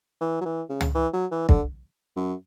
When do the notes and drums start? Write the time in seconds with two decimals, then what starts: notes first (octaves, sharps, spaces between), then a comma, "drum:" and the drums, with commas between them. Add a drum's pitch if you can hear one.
0.21 E3
0.41 F#3
0.45 E3
0.69 C#3
0.81 drum: tom
0.95 E3
1.13 F#3
1.31 E3
1.49 D3, drum: kick
2.16 F#2